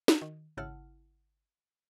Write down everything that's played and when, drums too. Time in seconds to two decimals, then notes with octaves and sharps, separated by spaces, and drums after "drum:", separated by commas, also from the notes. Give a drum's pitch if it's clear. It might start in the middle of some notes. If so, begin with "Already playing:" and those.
0.08 F#4, drum: snare
0.22 D#3
0.57 G#1 C#3 E4 F#5 A5 F6